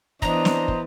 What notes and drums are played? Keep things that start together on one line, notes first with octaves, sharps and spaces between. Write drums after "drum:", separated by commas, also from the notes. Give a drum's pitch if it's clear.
E3 B3 D4 C5 D#5 A#5, drum: kick
drum: snare
drum: kick